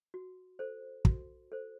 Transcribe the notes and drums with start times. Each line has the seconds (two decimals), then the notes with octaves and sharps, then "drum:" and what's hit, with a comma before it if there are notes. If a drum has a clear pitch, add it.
0.14 F#4
0.59 A4 C5
1.05 F#4, drum: kick
1.52 A4 C5